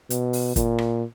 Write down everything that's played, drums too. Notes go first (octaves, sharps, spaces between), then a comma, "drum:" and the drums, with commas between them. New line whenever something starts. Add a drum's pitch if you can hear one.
B2, drum: hi-hat
drum: open hi-hat
A#2, drum: kick, hi-hat
drum: rim click